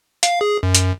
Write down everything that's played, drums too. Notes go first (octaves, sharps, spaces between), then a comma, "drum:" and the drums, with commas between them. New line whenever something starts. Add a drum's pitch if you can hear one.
F5, drum: hi-hat
G#4
F#2
drum: hi-hat